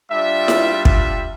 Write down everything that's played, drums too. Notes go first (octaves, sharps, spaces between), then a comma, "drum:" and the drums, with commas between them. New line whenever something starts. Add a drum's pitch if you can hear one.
G3 D4 F4 E5
drum: snare E4
E5, drum: kick